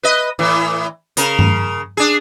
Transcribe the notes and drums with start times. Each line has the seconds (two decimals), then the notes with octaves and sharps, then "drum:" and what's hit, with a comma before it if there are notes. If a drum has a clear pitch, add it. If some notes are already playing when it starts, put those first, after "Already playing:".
0.03 B4 D#5
0.39 A2 E3
1.17 C#3 A#4, drum: hi-hat
1.39 drum: tom G2
1.97 D4 G#4